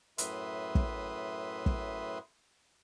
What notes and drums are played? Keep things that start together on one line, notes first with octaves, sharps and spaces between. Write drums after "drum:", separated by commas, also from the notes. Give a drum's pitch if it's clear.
F#2 A2 B4 E5 C6 D#6, drum: hi-hat
drum: kick
drum: kick